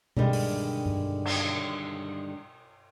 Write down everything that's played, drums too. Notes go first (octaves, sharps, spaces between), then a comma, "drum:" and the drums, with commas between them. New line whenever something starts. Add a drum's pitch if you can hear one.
G2 D3 D#3 G3 G#3, drum: tom B2
drum: open hi-hat
drum: tom G2
drum: cymbal